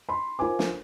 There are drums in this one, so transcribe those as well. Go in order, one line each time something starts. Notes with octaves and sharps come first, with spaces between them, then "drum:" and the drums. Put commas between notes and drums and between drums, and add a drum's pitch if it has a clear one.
B5 C6
F4 A#4 C5 G#5 D6
drum: snare